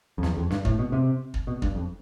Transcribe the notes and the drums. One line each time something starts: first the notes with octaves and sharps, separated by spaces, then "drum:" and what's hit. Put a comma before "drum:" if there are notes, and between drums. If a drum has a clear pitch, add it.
F2
E2, drum: snare
F2
G2, drum: snare
A2, drum: kick
B2
C3
drum: kick
B2
G2, drum: kick
F2